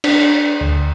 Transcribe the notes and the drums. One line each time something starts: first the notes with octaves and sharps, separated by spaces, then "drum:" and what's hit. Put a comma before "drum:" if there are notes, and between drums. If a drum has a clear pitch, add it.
D4, drum: cymbal
D2